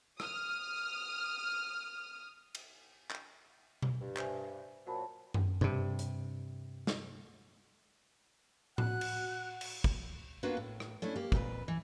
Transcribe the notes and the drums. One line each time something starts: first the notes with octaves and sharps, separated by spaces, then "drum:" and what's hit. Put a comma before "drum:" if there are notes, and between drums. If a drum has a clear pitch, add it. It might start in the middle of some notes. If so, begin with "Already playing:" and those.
D#6 F6, drum: rim click
drum: cymbal
drum: clap
drum: tom B2
G2
C5 E5 G#5, drum: clap
A#2 F#3 C5 A5 B5
drum: tom F#2
G2 C3, drum: tom B2
drum: hi-hat
drum: snare
F#4 F#5 F#6, drum: tom A2
drum: cymbal
drum: cymbal
drum: kick
A#3 B3 D4 F4 F#4 B4
A2
drum: rim click
A3 C#4 D4 E4
A#3 G4
F2 A#2 G4 B4, drum: kick
E3